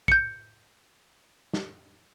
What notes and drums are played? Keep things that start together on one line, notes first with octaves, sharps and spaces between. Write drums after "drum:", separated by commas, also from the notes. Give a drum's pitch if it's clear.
G6 C#7, drum: kick
drum: snare